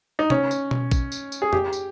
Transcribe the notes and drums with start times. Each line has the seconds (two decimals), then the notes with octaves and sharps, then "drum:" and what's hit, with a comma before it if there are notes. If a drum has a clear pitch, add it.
0.19 D#4
0.30 C#4, drum: tom C3
0.51 drum: tambourine
0.71 drum: tom B2
0.91 drum: kick A#1, tambourine
1.12 drum: tambourine
1.32 drum: tambourine
1.42 G#4
1.53 G4, drum: tom F2
1.73 drum: tambourine